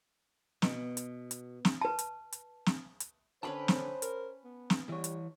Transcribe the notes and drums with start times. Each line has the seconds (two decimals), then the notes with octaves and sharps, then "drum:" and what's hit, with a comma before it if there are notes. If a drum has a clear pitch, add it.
0.62 B2, drum: snare
0.97 drum: hi-hat
1.31 drum: hi-hat
1.65 drum: snare
1.81 B4 A5
1.99 drum: hi-hat
2.32 drum: hi-hat
2.66 drum: snare
3.00 drum: hi-hat
3.43 D3 C#4 B4 C5 G5 A5 B5
3.68 drum: snare
4.02 A#4, drum: hi-hat
4.44 B3
4.70 drum: snare
4.89 E3 G3 C#5
5.04 drum: hi-hat